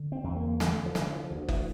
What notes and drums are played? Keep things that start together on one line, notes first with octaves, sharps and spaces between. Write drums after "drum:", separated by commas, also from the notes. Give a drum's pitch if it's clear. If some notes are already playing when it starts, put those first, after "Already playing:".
Already playing: D3
C4
E2 C4
A#3
D3 A3, drum: snare
F3
D3 E3, drum: snare
F3
D2
E3, drum: kick F#1